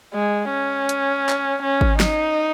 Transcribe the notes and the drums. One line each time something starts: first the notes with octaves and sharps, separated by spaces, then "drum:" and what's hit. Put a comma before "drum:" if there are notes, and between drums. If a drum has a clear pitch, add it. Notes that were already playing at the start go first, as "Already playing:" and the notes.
G#3
C#4
drum: hi-hat
drum: clap
C#4
drum: kick G#1
D#4, drum: snare